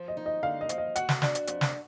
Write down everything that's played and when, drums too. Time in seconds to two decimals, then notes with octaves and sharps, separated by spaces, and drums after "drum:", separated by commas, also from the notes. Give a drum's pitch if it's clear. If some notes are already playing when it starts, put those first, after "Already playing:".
Already playing: F3
0.08 D#5
0.17 D#4
0.26 D#5
0.43 D3 F5
0.61 D#5
0.69 F3, drum: hi-hat
0.78 D#5
0.96 F#4 F#5, drum: hi-hat
1.09 drum: snare
1.22 D4, drum: snare
1.35 drum: hi-hat
1.47 F2, drum: hi-hat
1.61 drum: snare